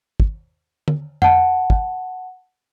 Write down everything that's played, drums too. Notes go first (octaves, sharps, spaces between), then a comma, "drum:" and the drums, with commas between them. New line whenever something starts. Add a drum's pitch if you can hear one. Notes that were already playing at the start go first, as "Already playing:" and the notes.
drum: kick
drum: tom D3
F#5 A5, drum: tom F2
drum: kick